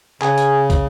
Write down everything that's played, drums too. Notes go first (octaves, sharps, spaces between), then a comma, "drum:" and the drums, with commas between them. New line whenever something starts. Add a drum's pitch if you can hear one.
C#3 G#4, drum: clap
drum: hi-hat
drum: kick, hi-hat